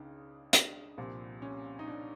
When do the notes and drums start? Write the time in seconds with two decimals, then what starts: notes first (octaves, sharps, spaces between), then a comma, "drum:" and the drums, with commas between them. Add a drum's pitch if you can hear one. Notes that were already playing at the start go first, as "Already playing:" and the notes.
Already playing: C#2 C#3 D4 D#4
0.53 D4, drum: hi-hat
0.98 C2 A#2 F3
1.42 C#4
1.79 D#4
1.87 D4